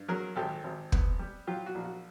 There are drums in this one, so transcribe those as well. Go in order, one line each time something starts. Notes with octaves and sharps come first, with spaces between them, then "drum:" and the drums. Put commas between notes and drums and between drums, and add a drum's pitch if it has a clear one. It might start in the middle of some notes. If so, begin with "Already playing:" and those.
Already playing: G2
F#3 G#4 A#4
G#1 G4 A4
G#1
B3, drum: kick
G3
F#3 F4 G4
F#4
A#1
F#4